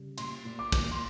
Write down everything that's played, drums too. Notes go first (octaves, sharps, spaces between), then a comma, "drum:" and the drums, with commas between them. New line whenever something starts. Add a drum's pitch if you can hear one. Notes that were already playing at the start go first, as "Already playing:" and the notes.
Already playing: C#3 G3
A#2 C6, drum: cymbal
A#2
D6
A#2, drum: kick, cymbal
C6